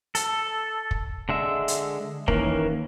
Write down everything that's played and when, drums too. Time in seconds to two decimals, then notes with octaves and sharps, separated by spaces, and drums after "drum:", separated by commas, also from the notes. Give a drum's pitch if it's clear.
0.15 A4, drum: hi-hat
0.91 drum: kick
1.29 D3 G#3 E5
1.68 drum: hi-hat
2.28 D#3 E3 A#3 C#4, drum: kick